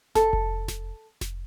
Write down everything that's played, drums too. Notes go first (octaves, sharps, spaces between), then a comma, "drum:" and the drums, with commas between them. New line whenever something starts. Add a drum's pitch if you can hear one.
A4, drum: snare F1
drum: kick F1
drum: snare F1
drum: snare F1